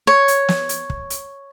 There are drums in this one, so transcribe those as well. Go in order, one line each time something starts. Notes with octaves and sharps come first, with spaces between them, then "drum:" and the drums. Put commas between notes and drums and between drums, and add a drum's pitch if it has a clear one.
C#5
drum: hi-hat
drum: snare
drum: hi-hat
drum: kick
drum: hi-hat